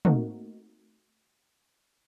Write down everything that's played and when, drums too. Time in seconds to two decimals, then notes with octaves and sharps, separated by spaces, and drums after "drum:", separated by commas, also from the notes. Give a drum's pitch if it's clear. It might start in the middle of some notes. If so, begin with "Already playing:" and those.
0.05 A3 A#3 C4 D#4 F#4 A#4, drum: tom